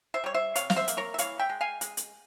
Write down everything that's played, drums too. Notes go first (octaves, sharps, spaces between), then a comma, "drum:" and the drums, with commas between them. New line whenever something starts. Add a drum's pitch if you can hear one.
C5 E5
G3 C#5
C5 E5
C3 C#5 F5, drum: hi-hat
F5, drum: snare
C5 E5
A#3, drum: hi-hat
A#4 C#5
E5
E3 C#5 F5, drum: hi-hat
E5 G5
G#3
F5 G#5
G#3, drum: hi-hat
drum: hi-hat